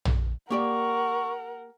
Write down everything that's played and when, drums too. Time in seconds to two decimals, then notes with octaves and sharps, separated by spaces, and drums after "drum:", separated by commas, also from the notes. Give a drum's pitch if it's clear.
0.05 drum: tom
0.50 A#3 G4 A#4 D5 F#5 C#6